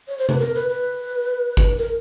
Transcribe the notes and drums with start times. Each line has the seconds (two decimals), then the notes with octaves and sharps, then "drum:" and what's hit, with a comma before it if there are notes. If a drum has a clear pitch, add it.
0.08 C#5
0.18 C5
0.29 B4, drum: tom C3
0.39 A#4
0.55 B4
0.69 B4
1.57 drum: kick G1
1.77 A#4